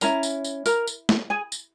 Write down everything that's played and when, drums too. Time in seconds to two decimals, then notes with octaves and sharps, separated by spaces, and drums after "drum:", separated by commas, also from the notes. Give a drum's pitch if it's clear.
0.01 C#4 E4 A#4 A#5, drum: tambourine
0.23 drum: tambourine
0.44 drum: tambourine
0.66 A#4 A#5, drum: tambourine
0.87 drum: tambourine
1.09 drum: snare
1.30 G#4 G#5
1.52 drum: tambourine